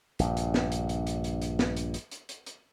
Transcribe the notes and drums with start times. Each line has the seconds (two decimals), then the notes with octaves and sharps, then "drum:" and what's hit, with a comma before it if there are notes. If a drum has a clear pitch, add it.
0.19 A#1 G2, drum: hi-hat
0.37 drum: hi-hat
0.54 drum: snare
0.72 drum: hi-hat
0.89 drum: hi-hat
1.07 drum: hi-hat
1.24 drum: hi-hat
1.42 drum: hi-hat
1.59 drum: snare
1.77 drum: hi-hat
1.94 drum: hi-hat
2.11 drum: hi-hat
2.29 drum: hi-hat
2.46 drum: hi-hat